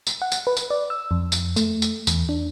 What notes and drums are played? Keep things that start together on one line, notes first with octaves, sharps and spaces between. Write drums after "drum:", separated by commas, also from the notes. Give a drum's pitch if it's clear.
drum: tambourine
F#5
drum: tambourine
B4
drum: tambourine
D5
E6
F2
drum: tambourine
A3, drum: tambourine
drum: tambourine
E2, drum: tambourine
D4